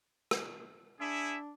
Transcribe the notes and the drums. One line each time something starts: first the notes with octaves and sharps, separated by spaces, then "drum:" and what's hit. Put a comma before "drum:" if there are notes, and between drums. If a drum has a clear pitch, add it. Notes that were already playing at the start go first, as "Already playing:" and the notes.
drum: rim click
D4 E4 G#4 E5